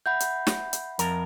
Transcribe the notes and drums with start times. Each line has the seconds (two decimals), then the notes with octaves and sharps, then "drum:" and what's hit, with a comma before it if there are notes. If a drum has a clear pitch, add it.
0.06 E5 F#5 B5 G6
0.20 drum: hi-hat
0.47 drum: snare
0.73 drum: hi-hat
0.99 F2 A#4, drum: hi-hat